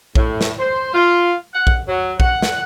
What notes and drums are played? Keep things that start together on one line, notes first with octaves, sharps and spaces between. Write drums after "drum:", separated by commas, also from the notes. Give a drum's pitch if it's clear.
A2, drum: kick A#1
drum: snare
C5
F4
F#5
drum: kick A#1
F#3
F#5, drum: kick A#1
drum: snare